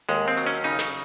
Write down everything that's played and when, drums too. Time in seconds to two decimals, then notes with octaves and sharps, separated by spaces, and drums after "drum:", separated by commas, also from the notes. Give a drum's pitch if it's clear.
0.09 D#2 G#3, drum: hi-hat
0.28 C4
0.37 F#3, drum: hi-hat
0.46 C#4
0.64 C#3 D#4
0.79 drum: snare